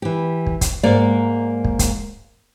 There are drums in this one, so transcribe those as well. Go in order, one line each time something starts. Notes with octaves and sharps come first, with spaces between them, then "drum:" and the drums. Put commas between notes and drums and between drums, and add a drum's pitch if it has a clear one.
E3 G4
drum: kick
drum: kick, hi-hat
G#2 A#3 D5
drum: kick
drum: kick, hi-hat